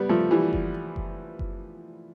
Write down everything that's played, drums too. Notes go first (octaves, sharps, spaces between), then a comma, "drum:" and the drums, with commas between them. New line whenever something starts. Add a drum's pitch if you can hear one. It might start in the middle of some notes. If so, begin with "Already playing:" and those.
Already playing: G3 B3
F3 A3
E3 G3
drum: kick F#1
drum: kick F#1
drum: kick F#1